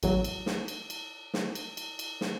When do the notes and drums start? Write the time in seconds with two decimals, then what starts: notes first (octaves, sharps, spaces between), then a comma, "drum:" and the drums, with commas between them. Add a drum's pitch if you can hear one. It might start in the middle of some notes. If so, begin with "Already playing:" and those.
0.03 A1 E2 F#3, drum: cymbal
0.24 drum: cymbal
0.46 drum: snare
0.68 drum: cymbal
0.90 drum: cymbal
1.34 drum: snare
1.55 drum: cymbal
1.77 drum: cymbal
1.99 drum: cymbal
2.21 drum: snare